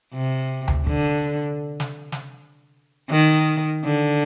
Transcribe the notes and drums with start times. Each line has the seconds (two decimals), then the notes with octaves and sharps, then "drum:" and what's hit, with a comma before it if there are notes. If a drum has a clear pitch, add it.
0.13 C3
0.68 drum: tom D2
0.87 D3, drum: kick
1.80 drum: snare
2.12 drum: snare
3.10 D#3
3.85 D3